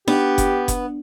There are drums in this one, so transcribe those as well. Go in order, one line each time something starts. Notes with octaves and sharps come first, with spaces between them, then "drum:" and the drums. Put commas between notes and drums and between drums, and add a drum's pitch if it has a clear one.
B3 D4 G4, drum: snare D#4
drum: kick F#1, hi-hat
drum: kick F#1, hi-hat